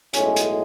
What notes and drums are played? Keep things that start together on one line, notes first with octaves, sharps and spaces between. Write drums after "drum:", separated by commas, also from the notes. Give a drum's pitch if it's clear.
B1 A2 G#3 C#4, drum: hi-hat
drum: hi-hat